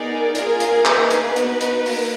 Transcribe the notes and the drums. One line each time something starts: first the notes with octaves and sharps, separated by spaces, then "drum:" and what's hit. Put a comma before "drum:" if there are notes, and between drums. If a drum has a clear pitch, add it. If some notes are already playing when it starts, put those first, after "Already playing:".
Already playing: B3 D#4 G#4 A#4 D5
A#3 F4 G#4 A#4, drum: hi-hat
drum: hi-hat
A#3 D#4 G#4 B4, drum: clap
drum: hi-hat
B3 D#4 F#4, drum: hi-hat
drum: hi-hat
A#3, drum: open hi-hat